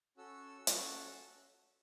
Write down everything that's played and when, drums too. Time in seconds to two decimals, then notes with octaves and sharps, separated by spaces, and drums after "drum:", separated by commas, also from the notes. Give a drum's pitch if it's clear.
0.17 C#4 F#4 A4 E6
0.67 C#4 F#4 A4, drum: hi-hat